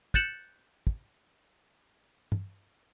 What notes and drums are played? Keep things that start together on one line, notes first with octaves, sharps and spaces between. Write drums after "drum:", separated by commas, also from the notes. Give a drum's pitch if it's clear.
F#6 G6 A6 C#7 E7 F#7, drum: kick
drum: kick
drum: tom G2